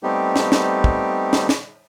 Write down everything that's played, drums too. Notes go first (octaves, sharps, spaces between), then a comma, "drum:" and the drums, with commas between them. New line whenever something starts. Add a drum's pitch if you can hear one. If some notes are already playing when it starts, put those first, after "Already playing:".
G3 A3 B3 C4 D#4 G4
drum: snare
drum: snare
drum: kick
drum: snare
drum: snare